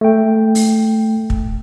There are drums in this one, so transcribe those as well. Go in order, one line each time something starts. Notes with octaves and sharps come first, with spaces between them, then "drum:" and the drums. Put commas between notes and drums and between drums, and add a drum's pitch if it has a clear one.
A3 G5
drum: open hi-hat
drum: kick